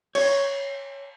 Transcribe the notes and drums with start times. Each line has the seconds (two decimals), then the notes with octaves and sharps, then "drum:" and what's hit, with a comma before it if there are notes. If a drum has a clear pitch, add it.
0.15 C#5, drum: cymbal